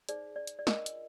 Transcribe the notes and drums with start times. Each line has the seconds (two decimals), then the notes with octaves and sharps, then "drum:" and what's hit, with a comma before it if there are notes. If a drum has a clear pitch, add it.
0.09 D#4 G#4 C5 D5, drum: hi-hat
0.36 D5
0.47 drum: hi-hat
0.59 D5
0.67 D4 F4 A#4 D#5, drum: snare
0.86 drum: hi-hat